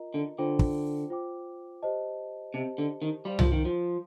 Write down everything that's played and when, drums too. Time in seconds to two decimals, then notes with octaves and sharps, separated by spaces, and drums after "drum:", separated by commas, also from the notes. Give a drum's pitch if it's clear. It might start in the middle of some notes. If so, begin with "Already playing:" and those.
Already playing: F4 A#4 D#5 A#5
0.14 D3
0.38 D3 F4 C5 G5 D6
0.59 drum: kick
1.10 F4 C5 G5 D6
1.82 G4 C5 D#5 A5
2.54 C3 G4 C5 D#5 A5
2.78 D3
3.02 D#3
3.25 G3 C5 F5 C6
3.39 F3, drum: tom C2
3.52 D#3
3.65 F3